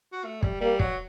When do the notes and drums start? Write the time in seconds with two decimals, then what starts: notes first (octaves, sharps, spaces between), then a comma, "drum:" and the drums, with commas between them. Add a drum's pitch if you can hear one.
0.13 F#4
0.24 A3
0.43 G3, drum: kick
0.61 G3 A#3
0.80 F#3, drum: kick